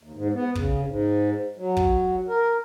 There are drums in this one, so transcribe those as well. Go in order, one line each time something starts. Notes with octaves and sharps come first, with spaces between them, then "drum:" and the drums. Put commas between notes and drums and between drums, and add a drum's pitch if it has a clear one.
D#2
G#2
B3
C#3, drum: kick
G#2
F#3
drum: kick
A#4